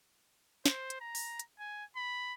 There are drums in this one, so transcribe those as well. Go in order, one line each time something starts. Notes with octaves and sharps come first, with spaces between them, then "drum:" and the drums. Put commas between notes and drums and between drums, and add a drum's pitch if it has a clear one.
C5, drum: snare
drum: hi-hat
A#5
drum: open hi-hat
drum: hi-hat
G#5
B5